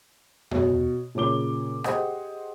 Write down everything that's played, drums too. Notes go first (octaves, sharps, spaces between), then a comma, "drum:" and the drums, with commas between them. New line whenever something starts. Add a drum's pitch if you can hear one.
B2 C#5, drum: tom E2
A#2 C#3 C#5 D6 G7
G4 G#4 C5 D#5 F#5 D#6, drum: rim click